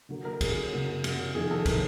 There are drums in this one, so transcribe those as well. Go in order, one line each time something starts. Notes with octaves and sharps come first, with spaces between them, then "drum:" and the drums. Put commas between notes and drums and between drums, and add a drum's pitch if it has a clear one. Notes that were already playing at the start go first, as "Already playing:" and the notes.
D3 F#3 A#3
A#4
D3 F#3 A#3 G#4, drum: kick, cymbal
F#2 C#3 F#3 A#3
F#2 C#3 F#3 A#3, drum: cymbal
F2 C3 D#3 G#4
A4
C3 D#3 A#4, drum: kick, cymbal